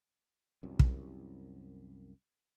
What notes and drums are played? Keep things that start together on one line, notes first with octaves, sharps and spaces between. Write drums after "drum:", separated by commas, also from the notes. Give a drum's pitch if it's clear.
C2 F#2
drum: kick